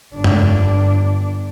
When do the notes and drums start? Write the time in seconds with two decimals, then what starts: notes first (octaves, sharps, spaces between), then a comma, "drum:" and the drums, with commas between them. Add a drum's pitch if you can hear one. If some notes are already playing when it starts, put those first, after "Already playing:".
0.13 G1 D4
0.24 drum: tom F2